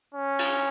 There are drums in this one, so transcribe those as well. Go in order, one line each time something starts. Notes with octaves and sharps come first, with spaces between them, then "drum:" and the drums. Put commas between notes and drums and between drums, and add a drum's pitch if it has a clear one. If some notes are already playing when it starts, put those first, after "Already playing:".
C#4
drum: cymbal